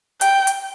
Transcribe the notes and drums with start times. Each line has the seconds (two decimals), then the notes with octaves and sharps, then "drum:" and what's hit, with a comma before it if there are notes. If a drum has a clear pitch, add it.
0.21 G5, drum: hi-hat
0.47 drum: hi-hat